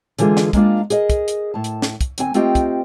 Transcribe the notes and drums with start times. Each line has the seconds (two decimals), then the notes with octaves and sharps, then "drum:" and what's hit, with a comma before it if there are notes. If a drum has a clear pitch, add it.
0.19 D3 E3 G#3 F4 G#4, drum: hi-hat
0.37 drum: snare
0.53 G#3 A#3 D4 F4, drum: kick, hi-hat
0.90 G#4 A#4 D#5, drum: hi-hat
1.10 drum: kick, hi-hat
1.28 drum: hi-hat
1.54 A2 A5
1.64 drum: hi-hat
1.82 drum: snare
2.01 drum: kick, hi-hat
2.18 D#2 C4 G#5, drum: hi-hat
2.34 A3 C4 F4 G4 D#5 G5, drum: hi-hat
2.55 drum: kick, hi-hat